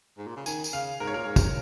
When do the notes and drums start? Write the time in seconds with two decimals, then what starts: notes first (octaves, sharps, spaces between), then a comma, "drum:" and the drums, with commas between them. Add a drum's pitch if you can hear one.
0.18 G#2
0.27 A#2
0.36 C#3
0.46 D#3 G#5, drum: tambourine
0.64 drum: tambourine
0.73 C#3 F5
1.00 G#2 A#4
1.07 C#5
1.14 A#2 A#4
1.27 G#2
1.36 drum: kick, tambourine